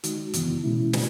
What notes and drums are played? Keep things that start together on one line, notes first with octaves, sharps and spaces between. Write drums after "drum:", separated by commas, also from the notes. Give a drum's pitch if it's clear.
D#3 G#3 D#4 F#4, drum: hi-hat
F#2 C#3 E3 B3 E4, drum: hi-hat
B2 G#3 C#4 E4
F#4, drum: snare